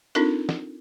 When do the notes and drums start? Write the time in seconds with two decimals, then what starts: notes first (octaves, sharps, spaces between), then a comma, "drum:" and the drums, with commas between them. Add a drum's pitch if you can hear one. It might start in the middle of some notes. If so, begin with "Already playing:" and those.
0.15 C4 D4 D#4 F4 A4 A#4, drum: hi-hat
0.49 drum: snare